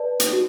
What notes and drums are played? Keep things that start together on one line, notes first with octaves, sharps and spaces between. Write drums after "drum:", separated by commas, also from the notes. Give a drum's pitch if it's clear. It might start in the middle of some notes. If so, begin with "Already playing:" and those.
Already playing: B4 D5 A5
drum: hi-hat
F#4